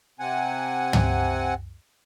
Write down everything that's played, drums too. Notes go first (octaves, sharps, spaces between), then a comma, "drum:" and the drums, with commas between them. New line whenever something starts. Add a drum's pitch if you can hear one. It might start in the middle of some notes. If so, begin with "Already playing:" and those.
C3 C4 F#5 G#5
drum: tom